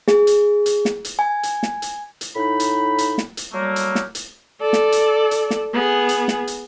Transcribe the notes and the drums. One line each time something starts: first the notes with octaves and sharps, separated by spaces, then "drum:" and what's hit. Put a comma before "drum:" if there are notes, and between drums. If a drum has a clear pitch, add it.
G#4, drum: snare
drum: hi-hat
drum: hi-hat
drum: snare
drum: hi-hat
G#5
drum: hi-hat
drum: snare
drum: hi-hat
drum: hi-hat
A2 D#4 B5
drum: hi-hat
drum: hi-hat
drum: snare
drum: hi-hat
F#3 G3 A3 A#3
drum: hi-hat
drum: snare
drum: hi-hat
A4 D5
drum: snare
drum: hi-hat
drum: hi-hat
drum: snare
B3 G#4
drum: hi-hat
drum: snare
drum: hi-hat